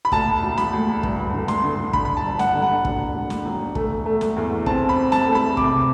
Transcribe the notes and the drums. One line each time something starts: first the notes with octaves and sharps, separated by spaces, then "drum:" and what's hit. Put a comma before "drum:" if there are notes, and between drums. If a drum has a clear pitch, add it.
B5
D2 A5, drum: kick
E1
B5, drum: snare
D2
G2, drum: kick
D3
C6, drum: snare
D3
D3 B5, drum: kick
B5
A5
G1
F#5, drum: snare
D3
F#5
E1, drum: kick
E1
drum: snare
E1
A3, drum: kick
A3
drum: snare
E2
C4 A5, drum: kick
B5
C4
A5, drum: snare
A3
B5
C3 D6, drum: kick